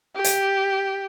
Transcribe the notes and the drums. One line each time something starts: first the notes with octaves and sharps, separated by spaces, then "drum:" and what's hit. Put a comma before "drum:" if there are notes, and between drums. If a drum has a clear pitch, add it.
G4
drum: hi-hat